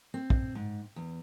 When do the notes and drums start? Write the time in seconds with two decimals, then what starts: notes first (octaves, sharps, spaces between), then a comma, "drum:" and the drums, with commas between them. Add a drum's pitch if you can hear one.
0.14 C4
0.30 drum: kick
0.55 G#2
0.96 E2